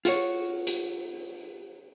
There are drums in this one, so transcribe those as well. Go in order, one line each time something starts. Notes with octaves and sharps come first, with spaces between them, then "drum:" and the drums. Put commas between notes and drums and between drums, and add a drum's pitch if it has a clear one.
F4 F#4 C#5, drum: hi-hat
drum: hi-hat